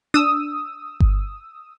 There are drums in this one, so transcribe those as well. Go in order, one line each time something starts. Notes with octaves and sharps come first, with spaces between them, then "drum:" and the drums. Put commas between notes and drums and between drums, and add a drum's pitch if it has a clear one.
D4 D#6 E6
drum: kick G1